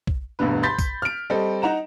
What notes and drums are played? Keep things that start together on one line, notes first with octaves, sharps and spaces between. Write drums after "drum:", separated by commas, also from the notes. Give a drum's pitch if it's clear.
drum: kick
E1 D2 G2 B2 D3 B4
B5 C6 G6 A6 B6
drum: kick, tambourine
F6 D7
G3 C4 A4 D#5
D#4 F#5 A#5 E7